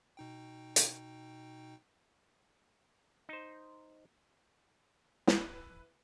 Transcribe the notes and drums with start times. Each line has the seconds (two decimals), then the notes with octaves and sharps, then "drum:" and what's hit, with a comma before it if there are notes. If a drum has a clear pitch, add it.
0.17 B2 D#4 G5
0.76 drum: hi-hat
3.29 D#4 C5
5.27 E4 B4, drum: snare